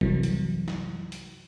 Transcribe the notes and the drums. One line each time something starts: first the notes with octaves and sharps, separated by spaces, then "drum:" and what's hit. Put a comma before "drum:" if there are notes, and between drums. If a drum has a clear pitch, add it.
C2 F#2 E3 F#3, drum: kick F#1
drum: hi-hat
drum: snare
drum: hi-hat